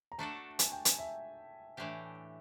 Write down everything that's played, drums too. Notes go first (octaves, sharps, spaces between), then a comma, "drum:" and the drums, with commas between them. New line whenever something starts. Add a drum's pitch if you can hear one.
A#5
A3 D4 F#4 A4 A5
G#5, drum: hi-hat
G5
G#5, drum: hi-hat
E5
A2 E3 A3 D4 G4